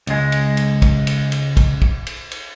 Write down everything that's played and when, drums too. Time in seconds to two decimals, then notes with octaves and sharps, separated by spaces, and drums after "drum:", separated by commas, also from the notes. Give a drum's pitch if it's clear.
0.07 C#2 G#3, drum: cymbal
0.32 drum: cymbal
0.57 drum: cymbal
0.82 drum: kick, cymbal
1.07 drum: cymbal
1.32 drum: cymbal
1.57 drum: kick, cymbal
1.82 drum: kick
2.07 drum: cymbal
2.32 drum: cymbal